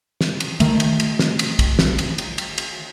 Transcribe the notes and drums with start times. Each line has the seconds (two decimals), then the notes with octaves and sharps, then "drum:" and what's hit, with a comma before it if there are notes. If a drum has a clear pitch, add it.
0.21 drum: snare
0.40 drum: cymbal
0.60 D#3 A3, drum: cymbal
0.80 drum: cymbal
1.00 drum: cymbal
1.19 drum: snare
1.39 drum: cymbal
1.59 drum: kick, cymbal
1.79 drum: snare
1.98 drum: cymbal
2.18 drum: cymbal
2.38 drum: cymbal
2.58 drum: cymbal